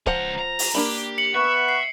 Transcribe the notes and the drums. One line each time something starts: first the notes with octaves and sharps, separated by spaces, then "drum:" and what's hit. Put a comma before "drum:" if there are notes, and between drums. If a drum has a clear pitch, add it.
C#2 F3 C5 F#5 A#5, drum: kick C#1
A#5
drum: open hi-hat
A#3 D4 G4 B5
C#7 F#7
B3 E5 F#5 C#6
C7